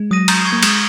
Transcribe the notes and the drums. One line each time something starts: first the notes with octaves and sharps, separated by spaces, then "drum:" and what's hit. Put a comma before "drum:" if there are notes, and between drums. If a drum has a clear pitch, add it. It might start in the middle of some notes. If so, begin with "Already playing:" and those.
Already playing: G#3
F#3 D#6 A#6 D#7
A#5, drum: cymbal
C#6 G#6
A#3
G#3 D#6, drum: cymbal